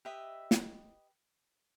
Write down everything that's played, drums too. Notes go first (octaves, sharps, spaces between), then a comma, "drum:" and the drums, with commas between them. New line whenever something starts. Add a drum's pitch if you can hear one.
G4 B4 D#5 E5
drum: snare